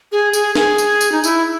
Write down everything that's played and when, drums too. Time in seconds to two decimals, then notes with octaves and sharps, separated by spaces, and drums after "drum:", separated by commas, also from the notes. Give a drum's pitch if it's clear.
0.12 G#4
0.33 G#4, drum: tambourine
0.55 G#4, drum: snare
0.78 drum: tambourine
1.01 drum: tambourine
1.12 D#4
1.24 E4, drum: tambourine